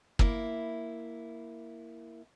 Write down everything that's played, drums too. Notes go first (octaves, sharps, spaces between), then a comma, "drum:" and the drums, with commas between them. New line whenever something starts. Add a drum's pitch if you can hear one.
A#3 E4, drum: kick